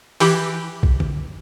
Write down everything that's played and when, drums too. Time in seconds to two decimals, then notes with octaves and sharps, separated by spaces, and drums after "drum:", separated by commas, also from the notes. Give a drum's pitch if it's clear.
0.20 E3 G4 B5, drum: open hi-hat
0.83 drum: kick A#1
1.00 drum: tom D3